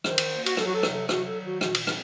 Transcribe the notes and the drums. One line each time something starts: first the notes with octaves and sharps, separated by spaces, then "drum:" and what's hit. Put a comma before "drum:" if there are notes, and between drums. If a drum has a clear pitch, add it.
D#3 C5, drum: rim click
drum: cymbal
A#3
F#4, drum: cymbal
F#3 A4, drum: rim click
F#4
A4
C3, drum: rim click
A4
F#3 F#4, drum: rim click
A4
D#3
F#4
A#2 F#4, drum: rim click
drum: cymbal
C4, drum: rim click